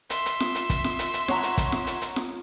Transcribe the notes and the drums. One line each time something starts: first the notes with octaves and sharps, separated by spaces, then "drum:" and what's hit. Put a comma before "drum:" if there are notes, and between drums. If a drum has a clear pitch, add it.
E5 C6, drum: hi-hat
drum: hi-hat
drum: snare F4
drum: hi-hat
drum: kick, hi-hat
drum: snare F4
drum: hi-hat
drum: hi-hat
C#5 F#5 A#5, drum: snare F4
drum: hi-hat
drum: kick, hi-hat
drum: snare F4
drum: hi-hat
drum: hi-hat
drum: snare F4